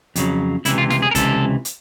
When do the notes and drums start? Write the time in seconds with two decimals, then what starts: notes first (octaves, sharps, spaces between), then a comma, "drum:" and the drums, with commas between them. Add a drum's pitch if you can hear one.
0.16 F2 C#3 F#3, drum: hi-hat
0.65 C#2 C3 E3 E4, drum: hi-hat
0.78 F4
0.90 F4, drum: snare
1.02 G#4
1.11 A#4
1.15 C#2 C3 E3 A4, drum: kick, hi-hat
1.65 drum: hi-hat